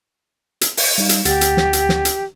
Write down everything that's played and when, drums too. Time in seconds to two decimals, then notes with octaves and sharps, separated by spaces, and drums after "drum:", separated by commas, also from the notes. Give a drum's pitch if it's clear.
0.61 drum: hi-hat
0.77 drum: open hi-hat
0.98 G3 D#4 F5
1.09 drum: hi-hat
1.25 D2 G4 F#5 A6, drum: hi-hat
1.41 drum: hi-hat
1.57 drum: snare
1.73 drum: hi-hat
1.89 drum: snare
2.05 drum: hi-hat